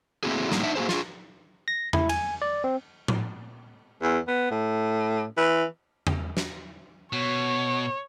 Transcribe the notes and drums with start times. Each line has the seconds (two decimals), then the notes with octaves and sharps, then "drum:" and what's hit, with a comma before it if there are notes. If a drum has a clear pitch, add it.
0.23 A3 A#3 C4 E4 F#4 G#4
0.52 A2 F#3 G3 A#3 D#4 F4, drum: snare
0.63 D4 D#4 D5 E5 F#5
0.76 A#3 F#4 G#4 C5
0.89 F4 G#4, drum: snare
1.68 A#6
1.93 E4, drum: tom E2
2.09 G#5, drum: cymbal
2.42 D5
2.64 C4
3.08 drum: tom A2
4.02 E2
4.28 B3
4.51 A2
5.37 E3
6.07 drum: tom E2
6.37 drum: snare
7.13 B2 C#5